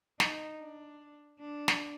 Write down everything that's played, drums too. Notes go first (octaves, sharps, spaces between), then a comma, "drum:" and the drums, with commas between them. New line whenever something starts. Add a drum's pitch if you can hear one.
D#4, drum: snare
D4
D4
drum: snare